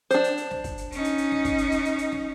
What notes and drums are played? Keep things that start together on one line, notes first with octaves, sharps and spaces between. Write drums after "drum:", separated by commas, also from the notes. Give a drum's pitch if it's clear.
D4 C5, drum: hi-hat
drum: hi-hat
drum: hi-hat
drum: snare
drum: kick, hi-hat
drum: hi-hat
C#4 D#4, drum: hi-hat
drum: hi-hat
drum: hi-hat
drum: snare
drum: kick, hi-hat
drum: hi-hat
drum: hi-hat
drum: hi-hat
drum: hi-hat
drum: snare